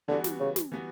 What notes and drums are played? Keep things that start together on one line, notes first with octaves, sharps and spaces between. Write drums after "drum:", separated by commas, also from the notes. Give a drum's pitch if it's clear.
D3 E3 G3 B3 F#4
drum: snare
C#3
drum: snare
E3 G3 B3 F#4